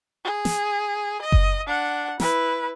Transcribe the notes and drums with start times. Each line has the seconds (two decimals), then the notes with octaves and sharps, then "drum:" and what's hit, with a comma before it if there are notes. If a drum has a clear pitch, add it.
0.24 G#4
0.45 drum: snare
1.22 D#5
1.32 drum: kick F#1
1.67 D4 F#5
2.20 E4 B4, drum: snare